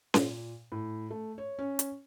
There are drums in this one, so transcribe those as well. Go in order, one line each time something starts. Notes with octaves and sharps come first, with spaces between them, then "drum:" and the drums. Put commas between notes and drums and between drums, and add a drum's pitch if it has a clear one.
A#2, drum: snare C#4
A2
A3
C#5
C#4
drum: hi-hat